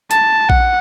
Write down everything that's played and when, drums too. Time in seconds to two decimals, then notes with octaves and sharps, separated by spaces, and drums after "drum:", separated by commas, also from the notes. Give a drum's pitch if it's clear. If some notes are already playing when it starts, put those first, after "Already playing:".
0.11 A5, drum: hi-hat
0.50 F#5, drum: kick A#1